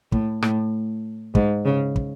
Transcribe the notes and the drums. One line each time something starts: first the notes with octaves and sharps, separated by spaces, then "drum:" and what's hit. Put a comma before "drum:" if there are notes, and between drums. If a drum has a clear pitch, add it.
A2, drum: kick
A2, drum: rim click
G#2, drum: kick
C#3
drum: kick